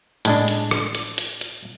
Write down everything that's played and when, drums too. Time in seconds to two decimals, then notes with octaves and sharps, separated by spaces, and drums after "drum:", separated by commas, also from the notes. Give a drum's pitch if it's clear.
0.25 A2 G#3 D4, drum: hi-hat
0.48 drum: hi-hat
0.71 drum: rim click
0.95 drum: hi-hat
1.18 drum: hi-hat
1.41 drum: hi-hat